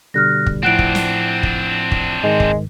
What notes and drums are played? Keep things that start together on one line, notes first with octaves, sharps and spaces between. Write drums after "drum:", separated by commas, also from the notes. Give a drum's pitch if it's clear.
B2 D3 G3 F6 F#6 A#6
drum: kick
A2 F3 C4 D4 E4 F#5 F#6 D7
drum: kick
drum: snare
drum: kick
drum: kick
G#2 D#3 G#3
drum: kick